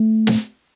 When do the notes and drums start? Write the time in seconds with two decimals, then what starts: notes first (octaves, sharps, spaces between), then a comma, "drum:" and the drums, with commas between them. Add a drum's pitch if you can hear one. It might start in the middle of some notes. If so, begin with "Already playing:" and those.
Already playing: A3
0.27 drum: snare